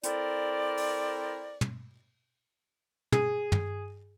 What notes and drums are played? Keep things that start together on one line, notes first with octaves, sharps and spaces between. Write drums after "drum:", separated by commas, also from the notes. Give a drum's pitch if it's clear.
C4 E4 A4 A#4 C5 D5, drum: hi-hat
drum: open hi-hat
drum: tom
G#4, drum: tom
drum: tom